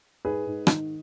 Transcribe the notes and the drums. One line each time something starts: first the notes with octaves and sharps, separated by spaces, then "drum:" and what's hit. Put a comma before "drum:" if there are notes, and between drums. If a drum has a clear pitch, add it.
G#2 G#4 B4
G#2
D#3, drum: rim click